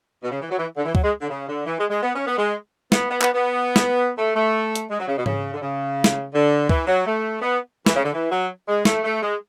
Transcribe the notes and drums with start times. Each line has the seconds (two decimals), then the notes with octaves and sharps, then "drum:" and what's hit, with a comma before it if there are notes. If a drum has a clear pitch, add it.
0.23 B2
0.31 C#3
0.41 E3
0.50 F#3
0.58 E3
0.77 D3
0.85 E3
0.95 F#3, drum: kick C#2
1.03 G#3
1.21 D3
1.30 C#3
1.48 D3
1.66 E3
1.79 G#3
1.90 G#3
2.03 B3
2.15 C#4
2.27 B3
2.38 G#3
2.92 B3, drum: snare
3.10 B3
3.22 B3, drum: clap
3.34 B3
3.76 drum: snare
4.18 A3
4.36 A3
4.76 drum: hi-hat
4.90 G#3
5.00 F#3
5.08 C#3
5.18 B2
5.26 C#3, drum: tom G#2
5.54 D3
5.61 C#3
6.04 drum: snare
6.34 D3
6.69 E3, drum: kick C#2
6.87 F#3
7.06 A3
7.42 B3
7.86 E3, drum: snare
7.96 C#3
8.04 D3
8.13 E3
8.31 F#3
8.68 G#3
8.85 A3, drum: snare
9.04 A3
9.22 G#3